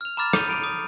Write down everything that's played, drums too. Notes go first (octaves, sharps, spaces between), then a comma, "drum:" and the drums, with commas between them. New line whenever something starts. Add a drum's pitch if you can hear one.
F6 F7
A#5 B5 D6 F6 A6
D#6 G6 D#7 F7, drum: rim click
B5 D7 D#7
D#6